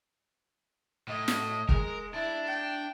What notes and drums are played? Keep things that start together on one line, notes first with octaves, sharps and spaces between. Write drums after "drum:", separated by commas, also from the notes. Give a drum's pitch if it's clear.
A2 D#5
drum: snare
G#3 A#4, drum: kick
D4 E4
G5